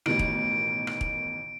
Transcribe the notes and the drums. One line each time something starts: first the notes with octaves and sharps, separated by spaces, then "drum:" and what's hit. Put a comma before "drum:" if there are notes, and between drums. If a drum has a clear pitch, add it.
A1 B2 D#3 D7, drum: rim click
drum: kick
drum: rim click
drum: kick